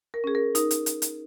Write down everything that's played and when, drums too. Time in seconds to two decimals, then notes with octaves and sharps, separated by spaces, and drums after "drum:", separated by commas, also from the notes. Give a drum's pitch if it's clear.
0.14 A#4
0.24 C#4 G#4
0.35 A#4
0.55 D#4 A#4, drum: hi-hat
0.71 drum: hi-hat
0.86 drum: hi-hat
1.02 drum: hi-hat